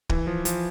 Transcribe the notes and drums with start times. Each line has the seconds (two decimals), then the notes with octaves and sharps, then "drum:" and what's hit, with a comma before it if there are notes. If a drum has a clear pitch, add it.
0.09 E3, drum: kick
0.27 F3
0.45 F3, drum: hi-hat